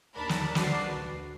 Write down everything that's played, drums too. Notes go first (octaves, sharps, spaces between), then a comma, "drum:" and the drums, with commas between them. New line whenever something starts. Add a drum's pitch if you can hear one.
D#2 D4 A#4 A5 B5
drum: snare
C2 D4 F#4 B4 C7, drum: snare
D2